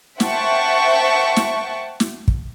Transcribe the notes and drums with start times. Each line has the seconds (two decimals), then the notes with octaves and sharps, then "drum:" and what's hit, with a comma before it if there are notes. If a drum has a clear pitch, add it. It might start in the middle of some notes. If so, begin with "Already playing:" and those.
0.20 C5 E5 F#5 G5 A5 C#6, drum: snare
1.36 drum: snare
2.00 drum: snare
2.28 drum: kick